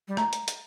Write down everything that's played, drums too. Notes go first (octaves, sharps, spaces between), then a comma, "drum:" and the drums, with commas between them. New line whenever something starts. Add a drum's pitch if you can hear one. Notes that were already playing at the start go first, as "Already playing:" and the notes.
G3
A3 A#5, drum: rim click
drum: hi-hat
drum: hi-hat